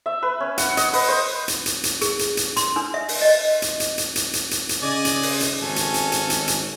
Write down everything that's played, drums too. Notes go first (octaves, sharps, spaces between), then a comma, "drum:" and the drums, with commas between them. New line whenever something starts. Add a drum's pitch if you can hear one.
E5
B4
C#4
F#5, drum: hi-hat
D#5, drum: hi-hat
B4, drum: open hi-hat
C5
drum: hi-hat
drum: hi-hat
drum: hi-hat
G#4, drum: hi-hat
drum: hi-hat
drum: hi-hat
C6, drum: hi-hat
D4
E5
drum: open hi-hat
D#5
drum: hi-hat
drum: hi-hat
drum: hi-hat
drum: hi-hat
drum: hi-hat
drum: hi-hat
drum: hi-hat
C#3 D5 D#5 G#5
drum: hi-hat
drum: open hi-hat
drum: hi-hat
G#1 C#4 A4 G#5
drum: hi-hat
drum: hi-hat
drum: hi-hat
drum: hi-hat
drum: hi-hat